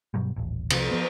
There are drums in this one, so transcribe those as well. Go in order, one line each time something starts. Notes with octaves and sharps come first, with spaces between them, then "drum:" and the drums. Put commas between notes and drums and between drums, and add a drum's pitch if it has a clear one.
G2 B2 F#3 G3
D#1 A1
C2 C3 D#3 F3, drum: cymbal
F3 B3